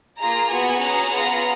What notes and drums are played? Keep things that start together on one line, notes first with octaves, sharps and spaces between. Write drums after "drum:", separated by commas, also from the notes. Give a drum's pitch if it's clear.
A#3 F4 G#4 A#5
B3 F#4 G#5
C#4 G#4 A#5, drum: cymbal
B3 F4 G#4 A#5